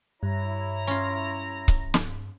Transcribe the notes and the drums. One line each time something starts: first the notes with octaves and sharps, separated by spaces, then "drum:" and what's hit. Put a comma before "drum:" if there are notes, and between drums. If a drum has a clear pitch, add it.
G2 E4 C#5 A#5
C#4 F4
drum: kick C#1
drum: snare